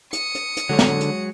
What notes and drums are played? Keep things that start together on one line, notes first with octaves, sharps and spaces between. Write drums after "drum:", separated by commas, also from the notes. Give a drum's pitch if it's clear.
D#6 C#7, drum: hi-hat
drum: hi-hat
drum: hi-hat
D3 F#3 G#3 C#5
drum: snare
drum: hi-hat